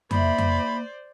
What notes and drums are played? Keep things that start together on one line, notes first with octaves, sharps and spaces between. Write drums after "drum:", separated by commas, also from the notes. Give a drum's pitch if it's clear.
E2 A#3 E4 G#4 C5 D5 B5, drum: tom F2
drum: tom F2